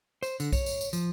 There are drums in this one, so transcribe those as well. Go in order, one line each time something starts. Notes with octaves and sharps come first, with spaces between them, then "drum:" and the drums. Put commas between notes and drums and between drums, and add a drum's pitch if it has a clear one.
C5, drum: tambourine
D3, drum: tambourine
C#5, drum: kick B1, tambourine
drum: tambourine
drum: tambourine
F3, drum: tambourine